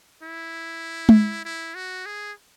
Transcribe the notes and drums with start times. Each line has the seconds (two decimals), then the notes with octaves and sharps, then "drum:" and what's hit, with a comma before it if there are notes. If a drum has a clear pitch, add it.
0.22 E4
1.09 drum: tom G#3
1.45 E4
1.75 F#4
2.06 G#4